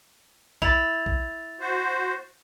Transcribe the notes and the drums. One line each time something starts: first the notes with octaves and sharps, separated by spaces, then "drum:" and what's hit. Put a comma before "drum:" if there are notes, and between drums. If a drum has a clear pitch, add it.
E4 A6 F7, drum: kick
drum: kick
F#4 C5